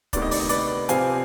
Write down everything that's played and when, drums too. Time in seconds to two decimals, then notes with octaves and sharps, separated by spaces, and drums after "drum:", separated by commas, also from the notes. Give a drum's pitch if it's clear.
0.13 D2 C3 D#3 B3 D5, drum: kick, hi-hat
0.22 D#5
0.31 D5, drum: open hi-hat
0.40 D#5
0.49 B4 D5, drum: hi-hat
0.89 C3 F3 C4 F5 G#5, drum: hi-hat